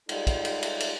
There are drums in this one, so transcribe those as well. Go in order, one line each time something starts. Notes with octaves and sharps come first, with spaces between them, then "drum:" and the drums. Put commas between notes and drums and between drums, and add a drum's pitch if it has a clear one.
G3 G#3 D#4 F4 A4, drum: cymbal
drum: kick, cymbal
drum: cymbal
drum: cymbal
drum: cymbal